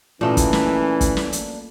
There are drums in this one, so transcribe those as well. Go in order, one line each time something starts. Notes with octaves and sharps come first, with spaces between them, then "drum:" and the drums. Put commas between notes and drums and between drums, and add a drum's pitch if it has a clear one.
A#2 E3 A3 A#3 C#4 D4 D#5
drum: kick, hi-hat
drum: snare
drum: kick, hi-hat
drum: snare
drum: hi-hat